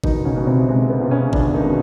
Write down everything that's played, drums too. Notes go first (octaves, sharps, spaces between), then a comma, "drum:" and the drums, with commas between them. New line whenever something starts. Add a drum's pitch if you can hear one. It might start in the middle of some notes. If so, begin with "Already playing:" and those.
B2 D#3 D#4, drum: kick G1
C#3 C#4
B2
C3 C4
C3 G#3 C4
B3
C#2
C#3 C#4
C#2 D3 D4, drum: kick G1
D#3 D#4
B2